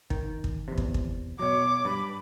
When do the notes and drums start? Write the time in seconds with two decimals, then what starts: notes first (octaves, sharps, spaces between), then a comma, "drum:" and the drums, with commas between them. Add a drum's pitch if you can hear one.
0.10 D#3, drum: kick
0.44 drum: kick
0.68 E2 C3
0.78 drum: kick
0.94 drum: kick
1.39 B2 F#3 C#5 D6
1.85 G2 B5